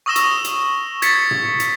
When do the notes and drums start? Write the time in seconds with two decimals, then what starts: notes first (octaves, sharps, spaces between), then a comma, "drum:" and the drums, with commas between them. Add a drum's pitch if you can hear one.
0.06 C#6 D#6 E6 A#6 E7 G7
0.16 drum: hi-hat
0.44 drum: hi-hat
1.02 G#6 A6 B6 C#7, drum: hi-hat
1.31 drum: tom
1.60 drum: hi-hat